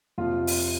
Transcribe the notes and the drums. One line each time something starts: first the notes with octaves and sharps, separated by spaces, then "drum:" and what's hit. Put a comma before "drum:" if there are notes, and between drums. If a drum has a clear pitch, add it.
F2 C3 F3 F4
drum: open hi-hat